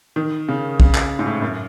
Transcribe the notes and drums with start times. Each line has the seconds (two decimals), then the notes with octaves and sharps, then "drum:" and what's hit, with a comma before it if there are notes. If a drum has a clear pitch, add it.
0.16 D#3
0.48 C#3
0.80 C#3, drum: kick
0.95 drum: clap
1.19 G#2
1.26 A2
1.42 F#2